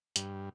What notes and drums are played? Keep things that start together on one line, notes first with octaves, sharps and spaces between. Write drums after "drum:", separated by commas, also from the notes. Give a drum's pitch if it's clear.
G2, drum: hi-hat